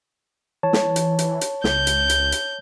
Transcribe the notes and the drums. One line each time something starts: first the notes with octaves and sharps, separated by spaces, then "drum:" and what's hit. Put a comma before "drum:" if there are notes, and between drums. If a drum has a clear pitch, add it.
E3 C#5 A5
drum: snare
drum: hi-hat
drum: hi-hat
drum: hi-hat
C#2 G6, drum: snare
drum: hi-hat
drum: hi-hat
drum: hi-hat